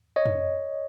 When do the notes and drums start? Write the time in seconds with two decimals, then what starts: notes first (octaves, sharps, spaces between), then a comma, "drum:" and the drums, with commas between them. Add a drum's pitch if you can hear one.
0.16 C#5 D#5
0.26 drum: tom F2